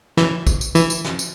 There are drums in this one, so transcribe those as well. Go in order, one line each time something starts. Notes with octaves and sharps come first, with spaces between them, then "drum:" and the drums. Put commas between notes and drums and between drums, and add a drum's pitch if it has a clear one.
E3, drum: snare
drum: kick, tambourine
drum: tambourine
E3, drum: tambourine
drum: tambourine
drum: snare
drum: tambourine